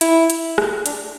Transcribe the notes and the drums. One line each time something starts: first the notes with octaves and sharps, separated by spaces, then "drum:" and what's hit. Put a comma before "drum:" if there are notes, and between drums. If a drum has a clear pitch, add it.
E4, drum: hi-hat
drum: hi-hat
drum: rim click
D4, drum: hi-hat